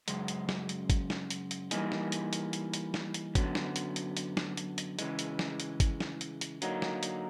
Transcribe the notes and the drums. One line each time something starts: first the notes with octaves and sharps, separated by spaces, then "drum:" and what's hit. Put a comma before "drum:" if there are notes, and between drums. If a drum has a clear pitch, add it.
F#2 C#3 G#3, drum: hi-hat
drum: hi-hat
drum: snare
drum: hi-hat
drum: kick G1, hi-hat
drum: snare
drum: hi-hat
drum: hi-hat
E3 G3 A#3 D#4 G#4, drum: hi-hat
drum: snare
drum: hi-hat
drum: hi-hat
drum: hi-hat
drum: hi-hat
drum: snare
drum: hi-hat
F#2 D3 F#3 B3, drum: kick G1, hi-hat
drum: snare
drum: hi-hat
drum: hi-hat
drum: hi-hat
drum: snare
drum: hi-hat
drum: hi-hat
C#3 E3 G#3, drum: hi-hat
drum: hi-hat
drum: snare
drum: hi-hat
drum: kick G1, hi-hat
drum: snare
drum: hi-hat
drum: hi-hat
D3 F#3 A#3 D#4, drum: hi-hat
drum: snare
drum: hi-hat